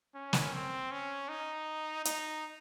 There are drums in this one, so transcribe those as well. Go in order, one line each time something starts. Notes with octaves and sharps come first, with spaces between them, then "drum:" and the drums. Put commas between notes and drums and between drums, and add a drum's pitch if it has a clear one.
C#4
drum: snare
C4
C#4
D#4
D#4, drum: hi-hat